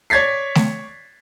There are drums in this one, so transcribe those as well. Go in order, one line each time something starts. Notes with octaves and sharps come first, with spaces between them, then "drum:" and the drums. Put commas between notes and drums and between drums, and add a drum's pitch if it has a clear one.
C#5 D5 G#6 A6 B6 C7
drum: snare